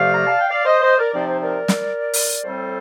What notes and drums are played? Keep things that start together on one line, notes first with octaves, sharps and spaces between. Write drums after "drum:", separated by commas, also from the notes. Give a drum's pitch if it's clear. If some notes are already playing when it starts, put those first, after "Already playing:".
Already playing: F2 C3 F3 A3 D5 F5
A#5
A5
G5
D5 F5
C5 D#5
C5 D#5
A#4 D5
C3 F3 C4 D#4 D5
C5
A#4 D5
drum: snare
drum: open hi-hat
A2 G3 C4 A4 C5